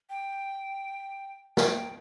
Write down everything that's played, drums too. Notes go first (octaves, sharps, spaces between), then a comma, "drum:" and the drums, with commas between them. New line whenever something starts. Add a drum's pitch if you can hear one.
G5
G5, drum: snare